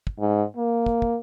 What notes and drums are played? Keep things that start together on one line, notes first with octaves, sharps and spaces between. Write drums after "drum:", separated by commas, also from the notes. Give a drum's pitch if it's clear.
drum: kick
G#2
A#3
drum: kick
drum: kick